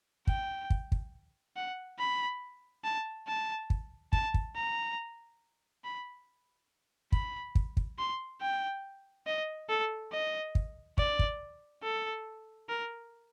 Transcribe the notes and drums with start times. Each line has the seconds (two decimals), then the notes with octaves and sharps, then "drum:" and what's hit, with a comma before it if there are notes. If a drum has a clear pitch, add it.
0.27 G5, drum: kick
0.70 drum: kick
0.92 drum: kick
1.56 F#5
1.99 B5
2.84 A5
3.27 A5
3.70 drum: kick
4.13 A5, drum: kick
4.34 drum: kick
4.56 A#5
5.84 B5
7.12 B5, drum: kick
7.55 drum: kick
7.77 drum: kick
7.98 C6
8.41 G5
9.26 D#5
9.69 A4
10.12 D#5
10.55 drum: kick
10.98 D5, drum: kick
11.19 drum: kick
11.83 A4
12.69 A#4